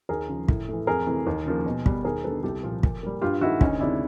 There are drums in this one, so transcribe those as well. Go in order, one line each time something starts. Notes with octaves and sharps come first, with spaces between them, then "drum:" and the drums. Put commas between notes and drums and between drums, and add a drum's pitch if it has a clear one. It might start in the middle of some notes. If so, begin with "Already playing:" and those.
D#2 G#4 A#4
C#3 F3
A2, drum: kick
E3 A3
F2 G#4 A#4
C3 E3 A3
D#2
C#3 F3 A#3
B2
G3 B3, drum: kick
D#2 G#4 A#4
D3 G3 B3 A4 B4
C2 G4 A4
A#2 F3
A#2, drum: kick
G3 A#3
G2 F4 G4
D#3 G#3 E4 F#4
D2 C#4 D#4, drum: kick
C3 D#3 G#3 D4 E4